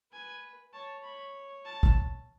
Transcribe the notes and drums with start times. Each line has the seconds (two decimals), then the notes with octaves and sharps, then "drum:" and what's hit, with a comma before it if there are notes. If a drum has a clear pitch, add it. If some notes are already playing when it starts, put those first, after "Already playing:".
0.13 B4 G#5
0.73 C#5 A5
1.03 C#5 B5
1.65 A5
1.83 drum: kick